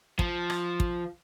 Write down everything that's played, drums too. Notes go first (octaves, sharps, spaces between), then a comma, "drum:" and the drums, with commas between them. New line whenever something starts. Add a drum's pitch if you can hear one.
F3, drum: kick
drum: rim click
drum: kick